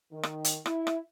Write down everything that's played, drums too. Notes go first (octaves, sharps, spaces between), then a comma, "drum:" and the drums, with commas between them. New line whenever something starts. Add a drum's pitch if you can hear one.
D#3
drum: rim click
drum: hi-hat
E4, drum: rim click
drum: rim click